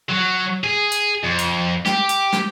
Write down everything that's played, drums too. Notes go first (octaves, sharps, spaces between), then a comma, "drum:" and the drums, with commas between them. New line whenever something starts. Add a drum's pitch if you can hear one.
F#3
G#4
drum: hi-hat
F2
drum: hi-hat
G4, drum: snare
drum: hi-hat
drum: snare